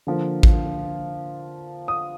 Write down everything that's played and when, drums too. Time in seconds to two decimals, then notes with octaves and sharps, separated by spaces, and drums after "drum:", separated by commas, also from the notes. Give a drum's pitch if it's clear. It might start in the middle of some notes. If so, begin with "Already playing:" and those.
0.07 D3 F3 A#3
0.43 drum: kick
1.88 D#6